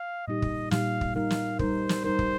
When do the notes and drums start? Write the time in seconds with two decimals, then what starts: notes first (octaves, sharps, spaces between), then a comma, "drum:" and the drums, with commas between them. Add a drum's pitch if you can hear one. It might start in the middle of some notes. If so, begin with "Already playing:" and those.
Already playing: F5
0.28 A#2 G3 D#4 G4 D#5
0.42 drum: kick
0.71 A#2 G3 D#4 G4 F5, drum: snare
1.01 drum: kick
1.16 G3 D#4 A#4 F5
1.30 drum: snare
1.59 G3 D#4 A#4 C5, drum: kick
1.89 drum: snare
2.04 G3 D#4 A#4 C5
2.19 drum: kick